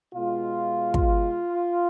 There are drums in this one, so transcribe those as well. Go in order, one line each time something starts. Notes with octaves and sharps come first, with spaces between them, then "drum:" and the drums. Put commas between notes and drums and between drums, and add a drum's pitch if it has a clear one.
B2 G#3 F4
drum: kick